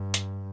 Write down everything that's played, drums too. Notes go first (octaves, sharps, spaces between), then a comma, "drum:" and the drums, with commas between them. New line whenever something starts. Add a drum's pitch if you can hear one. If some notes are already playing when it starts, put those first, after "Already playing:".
Already playing: G2
drum: hi-hat